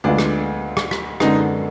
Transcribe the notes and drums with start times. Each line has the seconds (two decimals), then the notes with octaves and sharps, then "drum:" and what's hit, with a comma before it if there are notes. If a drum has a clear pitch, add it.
0.04 D2 D3 G#3 B3 D4 F4
0.19 drum: rim click
0.77 drum: rim click
0.91 drum: rim click
1.20 F#2 D3 G#3 B3 D#4, drum: rim click